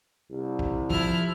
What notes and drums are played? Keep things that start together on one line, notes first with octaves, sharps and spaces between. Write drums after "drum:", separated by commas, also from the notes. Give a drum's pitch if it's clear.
C2
drum: kick
F3 E4 A4 F6, drum: kick